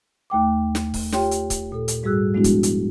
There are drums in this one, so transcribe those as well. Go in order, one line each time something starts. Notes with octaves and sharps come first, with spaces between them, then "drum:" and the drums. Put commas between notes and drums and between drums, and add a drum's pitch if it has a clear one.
D#2 A3 G5 D6
drum: snare
drum: kick, open hi-hat
F4 G4 C#5 G5 C6, drum: snare
drum: hi-hat
drum: kick, hi-hat
A#2 A4
drum: hi-hat
G#2 G3 F#4 G#4 E6 F#6
F3 G#3 B3 D4 E4 F#4
drum: kick, hi-hat
drum: hi-hat